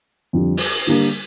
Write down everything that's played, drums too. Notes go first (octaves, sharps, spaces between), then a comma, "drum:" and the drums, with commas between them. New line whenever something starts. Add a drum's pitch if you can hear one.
F2 D3 G3
drum: open hi-hat
D3 G3 A#3 D4